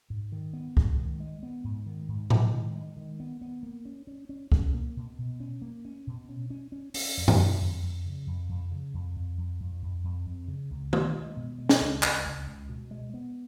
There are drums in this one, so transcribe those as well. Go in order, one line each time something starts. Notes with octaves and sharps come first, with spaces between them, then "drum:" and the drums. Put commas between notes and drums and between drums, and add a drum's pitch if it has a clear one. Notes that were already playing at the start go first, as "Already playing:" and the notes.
G#2
D#3
B3
G#2, drum: kick C2
D#3
G#3
B3
G#2
D#3
G#2
G#3, drum: tom A2
D#3
G#3
D#3
B3
B3
A#3
C#4
C#4
C#4
C#4, drum: kick C2
A#3
B2
B2
C#4
A#3
C#4
B2
C#4
C#4
C#4
C#4, drum: open hi-hat
F2
drum: tom F#2
F#3
F2
F2
C#3
F2
F2
C#3
F2
F2
F2
F2
F2
F2
F2
C#3
C#2
B3, drum: tom D#3
G#3
B2
G#3
drum: snare
C#2
C#2, drum: clap
C#2
C#2
B2
G#3
B3